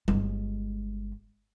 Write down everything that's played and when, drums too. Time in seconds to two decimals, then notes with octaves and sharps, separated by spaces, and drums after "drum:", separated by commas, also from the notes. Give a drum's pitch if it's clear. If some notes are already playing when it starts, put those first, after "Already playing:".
0.08 G1 G#3, drum: tom G3